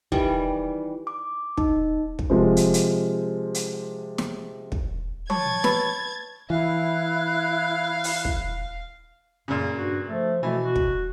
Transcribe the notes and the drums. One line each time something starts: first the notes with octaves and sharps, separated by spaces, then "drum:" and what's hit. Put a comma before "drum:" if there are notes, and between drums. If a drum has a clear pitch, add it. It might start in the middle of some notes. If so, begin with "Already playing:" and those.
D#3 E3 G3, drum: kick
D6
D#4, drum: kick
drum: kick
C3 F3 G#3
drum: hi-hat
drum: hi-hat
drum: hi-hat
drum: snare
drum: kick
C#5 A5 C#6 G#6 A6, drum: tom F3
B4 B5, drum: snare
E3 E4 F5 F#6
drum: open hi-hat
drum: kick
F#2 A#2 C#3
G2 F#4
F3 A3
B2 E3 A3
F#4
drum: kick